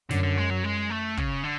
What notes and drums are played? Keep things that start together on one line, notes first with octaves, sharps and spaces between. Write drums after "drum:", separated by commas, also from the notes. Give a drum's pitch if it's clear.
F#2 D3, drum: snare
D3
G#3
F#3
G#3
A3
C#3, drum: kick
D3